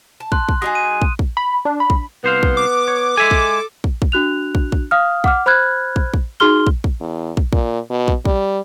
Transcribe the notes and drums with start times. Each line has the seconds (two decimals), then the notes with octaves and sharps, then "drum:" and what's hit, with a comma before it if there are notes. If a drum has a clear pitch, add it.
0.20 A5
0.32 C6 F#6, drum: kick
0.49 drum: kick
0.62 F#3 D#4 G#4 D#6
0.75 D#7
1.02 drum: kick
1.19 drum: kick
1.37 B5
1.65 D4
1.80 B5
1.90 drum: kick
2.24 C2 B3 C5 F5
2.43 drum: kick
2.57 D6
2.88 C#5
3.17 G#3 A4 E5 G#5
3.31 drum: kick
3.84 drum: kick
4.02 drum: kick
4.12 D4 F#4 F#6 F7
4.55 drum: kick
4.72 drum: kick
4.91 F5 D#6 F6
5.24 F#5 D6 F6, drum: kick
5.46 C5 B5 F6 F#6 G#6
5.96 drum: kick
6.14 drum: kick
6.40 D#4 F#4 G#4 C6 F6 G7
6.67 drum: kick
6.84 drum: kick
7.00 E2
7.37 drum: kick
7.53 A#2, drum: kick
7.90 B2
8.08 drum: kick
8.25 G3, drum: kick